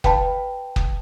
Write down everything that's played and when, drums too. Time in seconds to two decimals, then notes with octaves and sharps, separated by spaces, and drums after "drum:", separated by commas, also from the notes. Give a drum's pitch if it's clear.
0.04 B4 F5 G5 A5 B5, drum: kick
0.76 drum: kick